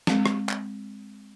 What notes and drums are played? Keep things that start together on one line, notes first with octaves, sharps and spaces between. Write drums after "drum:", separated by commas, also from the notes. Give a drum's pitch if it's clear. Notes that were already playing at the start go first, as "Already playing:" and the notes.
G#3 C4, drum: snare
drum: rim click
drum: clap